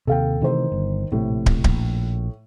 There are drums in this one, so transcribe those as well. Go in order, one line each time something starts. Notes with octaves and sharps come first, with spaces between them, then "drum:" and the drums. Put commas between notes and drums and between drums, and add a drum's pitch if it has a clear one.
D#2 C3 A4 F5 G5
C3 D#3 E3 A3 C5
G1
A#1 A2 C3
drum: kick
A#1, drum: kick